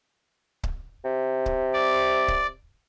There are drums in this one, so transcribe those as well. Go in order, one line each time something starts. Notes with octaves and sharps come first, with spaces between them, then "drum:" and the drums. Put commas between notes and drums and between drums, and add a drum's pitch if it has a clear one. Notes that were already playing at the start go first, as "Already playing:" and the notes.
drum: kick C#1
C3
drum: kick C#1
D5
drum: kick C#1